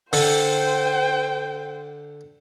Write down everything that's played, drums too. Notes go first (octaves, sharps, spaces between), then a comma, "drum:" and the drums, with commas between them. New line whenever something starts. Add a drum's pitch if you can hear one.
D3 C5 G5, drum: open hi-hat